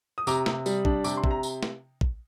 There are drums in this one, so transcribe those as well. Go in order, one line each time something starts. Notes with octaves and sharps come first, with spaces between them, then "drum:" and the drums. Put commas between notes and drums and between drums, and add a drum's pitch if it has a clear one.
D#6
C3 A#5 D6, drum: tambourine
C3, drum: snare
G3, drum: tambourine
D4, drum: kick
C3 D6, drum: tambourine
C6
C3, drum: kick
A#5
drum: tambourine
drum: snare
drum: kick